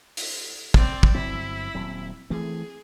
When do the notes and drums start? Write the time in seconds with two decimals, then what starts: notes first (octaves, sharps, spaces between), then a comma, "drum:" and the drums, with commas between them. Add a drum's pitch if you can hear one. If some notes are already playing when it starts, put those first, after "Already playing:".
0.17 drum: open hi-hat
0.74 C4 D5, drum: kick
1.03 drum: kick
1.15 G1 F#3 C4 E4
1.75 D#1 F#3 C4
2.30 E3 A3 C4 G#4